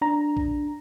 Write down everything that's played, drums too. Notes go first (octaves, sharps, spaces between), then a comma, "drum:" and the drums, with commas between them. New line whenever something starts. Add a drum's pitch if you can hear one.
D4 A#5
drum: kick